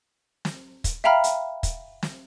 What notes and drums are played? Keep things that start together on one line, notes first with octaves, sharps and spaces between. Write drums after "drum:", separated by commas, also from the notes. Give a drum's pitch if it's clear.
drum: snare
drum: kick, hi-hat
E5 F5 G5 A#5 B5 F6
drum: hi-hat
drum: kick, hi-hat
drum: snare